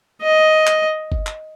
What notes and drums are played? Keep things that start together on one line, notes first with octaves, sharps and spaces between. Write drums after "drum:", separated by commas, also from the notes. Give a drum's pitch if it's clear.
D#5
drum: clap
drum: kick G1
drum: clap